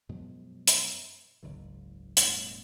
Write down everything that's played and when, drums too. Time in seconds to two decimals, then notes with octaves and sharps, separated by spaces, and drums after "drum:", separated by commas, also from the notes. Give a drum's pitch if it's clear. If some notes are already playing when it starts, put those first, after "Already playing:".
0.09 F#2 B2 F3 G#3
0.68 drum: hi-hat
1.43 F#1 C#2 G#2 E3
2.17 E1 A2 G3, drum: hi-hat